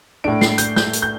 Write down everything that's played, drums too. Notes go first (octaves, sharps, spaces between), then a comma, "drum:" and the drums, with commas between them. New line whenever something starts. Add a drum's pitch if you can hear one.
A2 A3 D4 D7
C7, drum: snare
G6, drum: hi-hat
G6, drum: snare
drum: hi-hat
G6